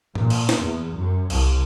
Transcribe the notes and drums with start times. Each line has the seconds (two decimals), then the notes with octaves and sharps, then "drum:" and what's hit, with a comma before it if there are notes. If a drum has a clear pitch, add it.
0.15 A#2, drum: tom
0.30 drum: cymbal
0.49 drum: snare
0.63 E2
0.96 F#2
1.30 C2, drum: cymbal